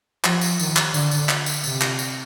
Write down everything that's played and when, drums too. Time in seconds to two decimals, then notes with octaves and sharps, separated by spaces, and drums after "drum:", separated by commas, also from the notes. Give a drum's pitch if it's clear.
0.24 F3, drum: clap
0.41 drum: tambourine
0.59 D#3, drum: tambourine
0.76 drum: clap
0.94 D3, drum: tambourine
1.11 drum: tambourine
1.29 drum: clap
1.46 drum: tambourine
1.64 C3, drum: tambourine
1.81 drum: clap
1.99 drum: tambourine